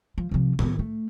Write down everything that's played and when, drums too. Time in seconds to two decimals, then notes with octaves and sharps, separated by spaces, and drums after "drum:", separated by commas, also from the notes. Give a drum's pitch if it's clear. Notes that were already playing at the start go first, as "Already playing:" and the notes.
0.18 F3
0.31 C3 F3
0.59 D#3 B3, drum: tom A2
0.79 A3